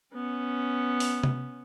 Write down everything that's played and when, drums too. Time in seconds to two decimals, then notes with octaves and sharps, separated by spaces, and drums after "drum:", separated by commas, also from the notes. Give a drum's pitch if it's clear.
0.14 B3 C#4
1.00 drum: open hi-hat
1.24 drum: tom C3